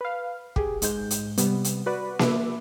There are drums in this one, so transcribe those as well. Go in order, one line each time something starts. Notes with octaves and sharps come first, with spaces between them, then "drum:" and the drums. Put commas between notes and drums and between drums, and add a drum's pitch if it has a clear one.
B4 F5
G4 G#4, drum: kick
G#2 G#3 G6, drum: hi-hat
drum: hi-hat
C3 G3 B3, drum: hi-hat
drum: hi-hat
F#4 B4 D5
B4 E5 D6, drum: snare A#3